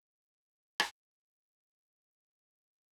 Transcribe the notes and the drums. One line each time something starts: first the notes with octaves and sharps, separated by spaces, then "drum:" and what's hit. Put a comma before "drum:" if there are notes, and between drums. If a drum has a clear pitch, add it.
G#4 D5
drum: rim click
D3 E3 C#4
F6 A#6